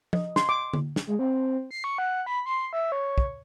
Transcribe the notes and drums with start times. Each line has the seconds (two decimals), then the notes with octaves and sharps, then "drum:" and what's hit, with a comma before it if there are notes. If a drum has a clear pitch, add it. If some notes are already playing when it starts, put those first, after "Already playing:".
0.13 D#5, drum: tom F3
0.36 C6, drum: snare
0.49 D6
0.73 drum: tom D3
0.96 drum: snare
1.07 G#3
1.19 C4
1.71 C7
1.84 C#6
1.98 F#5
2.26 B5
2.46 C6
2.73 E5
2.92 C#5
3.18 drum: kick